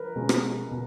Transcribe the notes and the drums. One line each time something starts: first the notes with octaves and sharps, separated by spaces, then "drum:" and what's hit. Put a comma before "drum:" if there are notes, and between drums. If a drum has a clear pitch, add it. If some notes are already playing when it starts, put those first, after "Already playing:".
Already playing: A#4 B4
B2 G#3 C#4
drum: rim click
B2